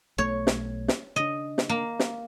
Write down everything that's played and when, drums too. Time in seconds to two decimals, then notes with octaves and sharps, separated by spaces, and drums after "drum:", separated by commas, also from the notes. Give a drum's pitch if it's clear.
0.18 B1 A3 C#5
0.47 drum: snare
0.88 drum: snare
1.16 C#3 D4 D#5
1.58 drum: snare
1.69 A#3
1.99 drum: snare